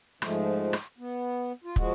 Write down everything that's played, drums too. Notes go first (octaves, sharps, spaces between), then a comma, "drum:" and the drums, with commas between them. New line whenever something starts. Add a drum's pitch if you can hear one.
G#2 F3 G#3 A3, drum: rim click
drum: rim click
B3
F4
F3 G#3 F#4, drum: kick